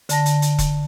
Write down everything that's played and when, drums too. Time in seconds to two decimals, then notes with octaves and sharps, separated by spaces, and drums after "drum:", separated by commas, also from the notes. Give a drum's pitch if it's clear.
0.09 D3 A5 A#6, drum: hi-hat
0.26 drum: hi-hat
0.42 drum: hi-hat
0.59 drum: kick E1, hi-hat